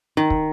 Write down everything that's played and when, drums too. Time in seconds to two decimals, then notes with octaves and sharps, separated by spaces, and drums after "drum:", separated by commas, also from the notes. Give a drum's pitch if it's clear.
0.17 D#3
0.30 drum: kick